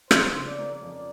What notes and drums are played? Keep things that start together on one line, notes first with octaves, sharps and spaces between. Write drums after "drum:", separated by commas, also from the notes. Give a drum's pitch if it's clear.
F3 C5, drum: rim click
C#3
D5
A#3
F2 D5